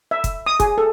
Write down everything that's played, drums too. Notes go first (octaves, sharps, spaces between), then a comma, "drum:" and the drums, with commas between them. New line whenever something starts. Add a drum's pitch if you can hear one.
E5
drum: kick, hi-hat
D#6
G#4, drum: kick, hi-hat
A4